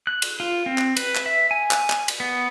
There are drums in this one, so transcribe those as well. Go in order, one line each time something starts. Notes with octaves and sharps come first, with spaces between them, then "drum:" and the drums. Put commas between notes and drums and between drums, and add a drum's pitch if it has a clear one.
F#6
drum: cymbal
F4
C4
drum: clap
B4, drum: cymbal
drum: clap
E5
G#5
drum: clap
drum: clap
drum: cymbal
B3